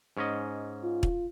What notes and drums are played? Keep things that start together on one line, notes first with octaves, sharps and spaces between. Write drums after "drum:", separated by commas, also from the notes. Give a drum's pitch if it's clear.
G#2 C#4 D#5
F4
drum: kick